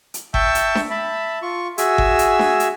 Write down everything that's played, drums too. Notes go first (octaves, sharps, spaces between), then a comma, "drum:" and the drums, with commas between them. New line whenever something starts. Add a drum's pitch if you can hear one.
drum: hi-hat
E5 G5 A5 C#6 E6 G6, drum: kick G1
drum: hi-hat
drum: snare D4
E5 A5 B5
F4 C#6
F#4 G#4 E5 G#5 E6, drum: hi-hat
drum: kick G1
drum: hi-hat
drum: snare D4
drum: hi-hat